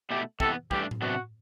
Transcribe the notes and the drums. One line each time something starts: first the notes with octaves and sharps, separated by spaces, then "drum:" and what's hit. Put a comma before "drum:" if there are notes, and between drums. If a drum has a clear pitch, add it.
B2 A3 E4 G4
C3 E3 B3 A4, drum: kick
G2 E3 A3 D4 G4, drum: kick
drum: tom A2
C3 F#3 B3 D4 F#4